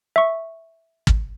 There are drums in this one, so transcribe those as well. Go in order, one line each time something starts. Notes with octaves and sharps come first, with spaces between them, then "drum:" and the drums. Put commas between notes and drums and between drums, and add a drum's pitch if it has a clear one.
E5 C#6
drum: kick